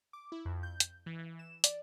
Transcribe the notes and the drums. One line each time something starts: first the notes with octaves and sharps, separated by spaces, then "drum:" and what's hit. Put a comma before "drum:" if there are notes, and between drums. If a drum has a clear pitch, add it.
D6
E4
F2
G6
drum: hi-hat
E3
E3
E7
D5, drum: hi-hat